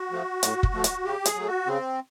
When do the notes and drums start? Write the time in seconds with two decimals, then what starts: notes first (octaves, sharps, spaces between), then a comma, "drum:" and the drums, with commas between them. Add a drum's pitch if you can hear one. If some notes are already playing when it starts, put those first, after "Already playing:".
Already playing: F#4
0.11 F3 A3
0.43 A2, drum: hi-hat
0.63 drum: kick
0.74 F3 A3
0.84 drum: hi-hat
1.04 C#3 G4
1.25 G#4, drum: hi-hat
1.36 F#3 A3
1.47 F#4
1.67 C#3 C4